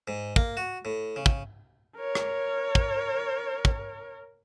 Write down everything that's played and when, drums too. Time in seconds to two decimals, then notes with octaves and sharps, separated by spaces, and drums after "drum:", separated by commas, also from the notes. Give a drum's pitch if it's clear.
0.08 G#2
0.36 A#3, drum: kick
0.57 F#4
0.85 A2
1.16 C#3
1.26 drum: kick
1.97 A#4 C#5
2.15 drum: rim click
2.75 drum: kick
3.65 drum: kick